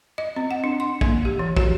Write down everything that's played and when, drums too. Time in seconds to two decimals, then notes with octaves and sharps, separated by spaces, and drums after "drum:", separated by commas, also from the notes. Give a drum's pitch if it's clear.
0.18 D#5
0.36 C4
0.51 F#5
0.64 D4
0.80 C6
1.01 A#3, drum: kick
1.25 G4
1.39 E3
1.57 F#4, drum: kick